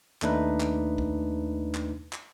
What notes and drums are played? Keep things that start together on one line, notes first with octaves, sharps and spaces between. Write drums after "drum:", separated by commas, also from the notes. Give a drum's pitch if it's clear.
D#2 A3 D4 D#4 B4, drum: clap
drum: clap
drum: kick
drum: clap
drum: clap